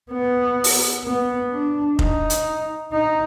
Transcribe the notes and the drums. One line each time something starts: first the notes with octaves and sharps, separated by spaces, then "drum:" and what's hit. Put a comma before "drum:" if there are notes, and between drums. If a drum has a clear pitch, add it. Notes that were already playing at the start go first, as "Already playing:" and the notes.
B3
drum: open hi-hat
B3
D4
D#4, drum: kick F1
drum: hi-hat
D#4